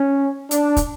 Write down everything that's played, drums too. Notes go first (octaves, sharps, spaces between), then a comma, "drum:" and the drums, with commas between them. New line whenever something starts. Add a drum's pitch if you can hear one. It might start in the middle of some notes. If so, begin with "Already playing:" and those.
Already playing: C#4
D4, drum: hi-hat
drum: kick, hi-hat